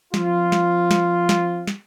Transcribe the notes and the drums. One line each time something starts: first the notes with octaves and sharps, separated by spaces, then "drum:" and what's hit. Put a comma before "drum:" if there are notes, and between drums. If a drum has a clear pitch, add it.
F3 C4 F4, drum: snare
drum: snare
drum: snare
drum: snare
drum: snare